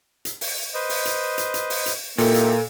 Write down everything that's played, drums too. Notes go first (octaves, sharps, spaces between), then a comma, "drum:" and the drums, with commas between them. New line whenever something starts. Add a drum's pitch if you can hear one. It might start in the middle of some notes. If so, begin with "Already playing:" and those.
drum: hi-hat
drum: open hi-hat
B4 C5 D#5
drum: open hi-hat
drum: hi-hat
drum: hi-hat
drum: hi-hat
drum: open hi-hat
drum: hi-hat
A#2 A#3 D#4 E4 G4 A4, drum: open hi-hat
drum: hi-hat